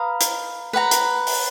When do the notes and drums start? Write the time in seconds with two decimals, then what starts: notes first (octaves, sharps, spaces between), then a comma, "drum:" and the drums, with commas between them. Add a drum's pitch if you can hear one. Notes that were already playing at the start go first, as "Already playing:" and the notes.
Already playing: B4 F5 A#5 D#6
0.21 drum: hi-hat
0.73 B4 F#5 A#5
0.91 drum: hi-hat
1.27 drum: open hi-hat